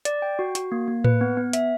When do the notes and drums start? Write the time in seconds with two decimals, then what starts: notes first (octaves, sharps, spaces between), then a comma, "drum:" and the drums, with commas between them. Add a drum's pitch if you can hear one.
0.05 D5, drum: hi-hat
0.22 G5
0.39 F#4
0.55 F#4, drum: hi-hat
0.72 A#3
0.88 A#3
1.04 B4, drum: tom A2
1.21 B3
1.37 B3
1.53 E5, drum: hi-hat